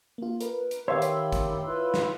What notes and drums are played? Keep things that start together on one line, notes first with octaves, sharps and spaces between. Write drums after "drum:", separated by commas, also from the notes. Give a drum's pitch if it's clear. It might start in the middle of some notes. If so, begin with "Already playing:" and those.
A#3 F4
A#4 B4, drum: hi-hat
drum: hi-hat
D#3 G4 C#5 E5 F5 B5 C6 E6
drum: hi-hat
drum: kick, hi-hat
E4 F4 B4
drum: snare